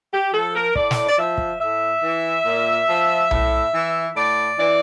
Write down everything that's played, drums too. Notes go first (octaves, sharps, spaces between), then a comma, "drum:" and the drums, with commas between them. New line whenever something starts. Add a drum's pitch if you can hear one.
G4
F3 A4
A#4
A2 D5, drum: kick
drum: snare
D5
F3 E5
drum: kick
A2 E5
E3
A#2
F3
A2, drum: tom B1
E3
A2 D5
E3 D5